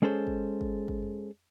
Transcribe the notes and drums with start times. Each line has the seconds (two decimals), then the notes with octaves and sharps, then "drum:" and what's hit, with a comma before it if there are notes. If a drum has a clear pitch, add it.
0.02 G#3 C#4 G#4 A4 C5
0.27 drum: kick
0.61 drum: kick
0.88 drum: kick
1.02 drum: tom F2